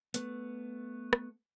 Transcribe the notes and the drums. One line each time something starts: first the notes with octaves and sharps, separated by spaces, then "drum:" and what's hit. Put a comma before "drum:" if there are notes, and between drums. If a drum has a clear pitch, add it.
A3 B3, drum: hi-hat
drum: rim click